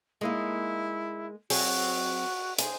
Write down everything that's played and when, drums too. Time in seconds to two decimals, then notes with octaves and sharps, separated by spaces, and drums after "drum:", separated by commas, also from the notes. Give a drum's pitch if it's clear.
0.21 G#3 A#3 D#4 E4
1.50 F#3 C4 F#4 G#4, drum: open hi-hat
2.59 G#4 C5, drum: hi-hat